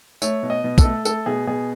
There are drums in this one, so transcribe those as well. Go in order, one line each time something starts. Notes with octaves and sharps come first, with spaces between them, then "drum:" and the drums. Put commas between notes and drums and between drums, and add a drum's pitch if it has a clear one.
A3 C#5, drum: tambourine
B2
D#5
B2
A4, drum: kick, tambourine
A3
A3 A4, drum: tambourine
B2 G#4
B2 G#4